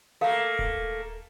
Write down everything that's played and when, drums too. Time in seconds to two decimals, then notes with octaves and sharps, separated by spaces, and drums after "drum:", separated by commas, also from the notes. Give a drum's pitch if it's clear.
0.21 A3 A#3 A#4 F5
0.59 drum: kick D#1